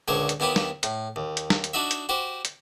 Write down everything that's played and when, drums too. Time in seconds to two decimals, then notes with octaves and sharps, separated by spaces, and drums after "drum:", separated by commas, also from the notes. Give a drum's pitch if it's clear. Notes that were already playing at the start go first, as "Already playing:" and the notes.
0.08 C#2 A#2 D3 C5 C#5
0.29 drum: hi-hat
0.40 D#2 B3 E4 G4 D#6
0.56 drum: snare
0.83 A2, drum: hi-hat
1.16 D#2
1.37 drum: hi-hat
1.50 drum: snare
1.64 drum: hi-hat
1.73 D4 D#4 F#4 D#5 E5
1.91 drum: hi-hat
2.09 F#4 G4 C5
2.45 drum: hi-hat